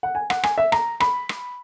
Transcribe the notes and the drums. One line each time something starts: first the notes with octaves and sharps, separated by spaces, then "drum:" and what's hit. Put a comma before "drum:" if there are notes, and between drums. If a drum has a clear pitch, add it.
F#5
G#5
F#5, drum: rim click
G#5, drum: rim click
E5
A#5, drum: rim click
B5, drum: rim click
drum: rim click